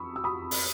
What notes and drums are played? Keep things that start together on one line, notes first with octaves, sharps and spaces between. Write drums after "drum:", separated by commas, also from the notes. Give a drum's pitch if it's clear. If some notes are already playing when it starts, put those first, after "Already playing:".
Already playing: B5 C#6 D#6 E6
E6
B5 D#6
drum: open hi-hat